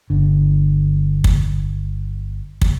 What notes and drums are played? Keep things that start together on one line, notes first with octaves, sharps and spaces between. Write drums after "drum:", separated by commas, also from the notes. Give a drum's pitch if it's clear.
G1 D3
drum: kick
drum: kick